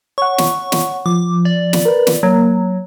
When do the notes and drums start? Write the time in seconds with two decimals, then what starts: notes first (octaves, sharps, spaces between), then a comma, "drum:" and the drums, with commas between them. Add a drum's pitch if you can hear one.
0.18 C#5 F#5 C#6
0.38 drum: snare
0.72 drum: snare
1.06 F3 D6
1.45 D5
1.73 drum: snare
1.85 A#4 B4
2.07 drum: snare
2.23 F#3 A#3